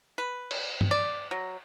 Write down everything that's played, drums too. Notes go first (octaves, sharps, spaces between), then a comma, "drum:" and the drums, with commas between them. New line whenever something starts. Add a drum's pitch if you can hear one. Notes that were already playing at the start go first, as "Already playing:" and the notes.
B4
drum: cymbal
drum: tom
D5
F#3